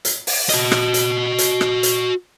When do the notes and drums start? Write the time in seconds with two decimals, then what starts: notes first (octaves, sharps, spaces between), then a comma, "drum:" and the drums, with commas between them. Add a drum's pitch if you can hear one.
0.05 drum: hi-hat
0.27 drum: open hi-hat
0.49 F#4 D#5, drum: hi-hat
0.72 drum: rim click
0.94 drum: hi-hat
1.38 drum: hi-hat
1.61 drum: rim click
1.83 drum: hi-hat